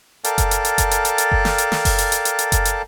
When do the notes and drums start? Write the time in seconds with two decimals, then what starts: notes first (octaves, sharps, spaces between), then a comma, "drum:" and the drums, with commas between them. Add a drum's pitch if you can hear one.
0.24 A4 A#4 D5 F5 G5 A5, drum: hi-hat
0.38 drum: kick F#1, hi-hat
0.51 drum: hi-hat
0.65 drum: hi-hat
0.78 drum: kick F#1, hi-hat
0.91 drum: hi-hat
1.05 drum: hi-hat
1.18 drum: hi-hat
1.32 drum: kick F#1
1.45 drum: snare
1.58 drum: hi-hat
1.72 drum: snare
1.85 drum: kick F#1, open hi-hat
1.98 drum: hi-hat
2.12 drum: hi-hat
2.25 drum: hi-hat
2.39 drum: hi-hat
2.52 drum: kick F#1, hi-hat
2.65 drum: hi-hat